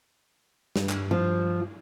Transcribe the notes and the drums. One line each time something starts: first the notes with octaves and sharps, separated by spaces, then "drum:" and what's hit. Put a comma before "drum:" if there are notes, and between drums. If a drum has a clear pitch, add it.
G2, drum: snare
drum: clap
F3